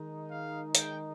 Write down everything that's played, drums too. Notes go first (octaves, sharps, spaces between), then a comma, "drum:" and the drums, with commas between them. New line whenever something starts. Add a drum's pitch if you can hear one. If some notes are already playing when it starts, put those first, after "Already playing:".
Already playing: D#3 G#3 D#4
F5
G5, drum: hi-hat